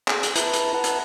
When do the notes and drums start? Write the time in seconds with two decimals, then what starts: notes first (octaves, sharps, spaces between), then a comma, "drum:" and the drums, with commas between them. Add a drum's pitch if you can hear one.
0.08 G#4 D6, drum: clap
0.23 drum: hi-hat
0.36 E4 B4 A5 A#5, drum: hi-hat
0.53 drum: hi-hat
0.74 B4 F#5 A5 A#5
0.84 drum: hi-hat